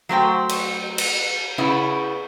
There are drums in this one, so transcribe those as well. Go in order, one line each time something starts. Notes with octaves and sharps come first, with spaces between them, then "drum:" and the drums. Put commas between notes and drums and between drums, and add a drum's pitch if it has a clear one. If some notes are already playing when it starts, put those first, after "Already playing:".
F#3 A3 C5 G5
drum: cymbal
drum: cymbal
C#3 B3 E4